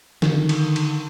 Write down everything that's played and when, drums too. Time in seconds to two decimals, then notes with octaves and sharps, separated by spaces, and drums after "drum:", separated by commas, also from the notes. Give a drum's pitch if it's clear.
0.22 D3 D#3, drum: snare
0.49 drum: cymbal
0.76 drum: cymbal